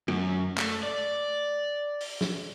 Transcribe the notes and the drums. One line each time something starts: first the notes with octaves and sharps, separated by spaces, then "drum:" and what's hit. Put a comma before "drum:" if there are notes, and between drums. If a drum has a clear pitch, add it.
F#2, drum: tom
A3, drum: clap
D5
drum: open hi-hat
drum: snare